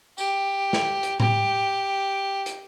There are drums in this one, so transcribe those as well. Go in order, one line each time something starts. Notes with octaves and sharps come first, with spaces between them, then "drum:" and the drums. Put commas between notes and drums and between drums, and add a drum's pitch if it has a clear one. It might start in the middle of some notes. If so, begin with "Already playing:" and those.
G4, drum: tambourine
drum: snare
drum: hi-hat
G4, drum: tom A2
drum: hi-hat